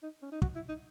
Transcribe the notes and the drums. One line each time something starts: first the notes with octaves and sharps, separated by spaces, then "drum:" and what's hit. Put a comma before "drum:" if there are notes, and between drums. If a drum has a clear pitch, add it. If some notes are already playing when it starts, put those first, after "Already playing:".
D#4
C#4
D#4
F#4, drum: kick
E4
D#4